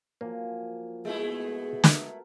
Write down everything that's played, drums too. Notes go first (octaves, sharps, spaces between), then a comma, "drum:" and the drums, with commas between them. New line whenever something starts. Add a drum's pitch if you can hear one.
F3 F#3 A#3 G#5
B2 G#3 A3 E4 G#4
A4 A#4, drum: snare